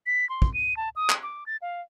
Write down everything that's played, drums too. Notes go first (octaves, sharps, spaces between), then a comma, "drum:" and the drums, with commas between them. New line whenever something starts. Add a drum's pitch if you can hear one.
B6
C6
drum: kick
D#7
A5
D#6
drum: clap
D6
A6
F5